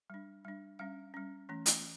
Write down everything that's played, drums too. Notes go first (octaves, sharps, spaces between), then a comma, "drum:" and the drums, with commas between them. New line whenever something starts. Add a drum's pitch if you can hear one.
G3 D4
G3 D4
G3 C#4 F5
G3 C#4
E3 A3 C#4
drum: hi-hat